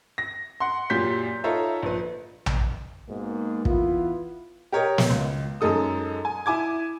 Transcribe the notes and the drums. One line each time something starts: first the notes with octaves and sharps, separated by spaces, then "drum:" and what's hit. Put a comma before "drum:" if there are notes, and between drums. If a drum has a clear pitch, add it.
A#6
F#5 C6
F#2 A#2 G4 C6 G6 B6
D#4 F4 A4 C#5 E5 A#5
A#1 B4
drum: tom A#1
G#2 B2 A#3
E3 B3 E4 F4, drum: kick
G4 A#4 C#5 D#5
drum: snare
C#2
F#2 G#3 D#4 A4 D#6
G#5
E4 G#5 D6 G#6